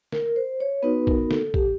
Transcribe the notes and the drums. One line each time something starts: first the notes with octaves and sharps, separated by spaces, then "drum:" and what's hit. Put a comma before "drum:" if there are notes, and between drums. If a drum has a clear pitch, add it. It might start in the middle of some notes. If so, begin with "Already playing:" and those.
A#4, drum: snare
C5
C#5
B3 D#4 F#4 B4
A#4, drum: kick A#1
A4, drum: snare
G4, drum: kick A#1